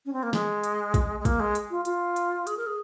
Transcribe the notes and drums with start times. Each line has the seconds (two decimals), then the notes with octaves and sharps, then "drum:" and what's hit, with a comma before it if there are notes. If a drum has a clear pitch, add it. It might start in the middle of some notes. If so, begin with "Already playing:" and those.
0.05 C#4
0.13 C4
0.23 A#3
0.33 G#3, drum: snare
0.63 drum: hi-hat
0.94 drum: kick, hi-hat
1.20 G#3
1.25 A#3, drum: kick, hi-hat
1.40 G#3
1.55 drum: hi-hat
1.71 F4
1.85 F4, drum: hi-hat
2.16 drum: hi-hat
2.47 G#4, drum: hi-hat
2.57 A#4
2.67 G#4